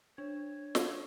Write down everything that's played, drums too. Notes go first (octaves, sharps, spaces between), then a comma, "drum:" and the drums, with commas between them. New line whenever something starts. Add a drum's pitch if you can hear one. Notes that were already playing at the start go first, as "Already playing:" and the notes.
D4 C#5
drum: snare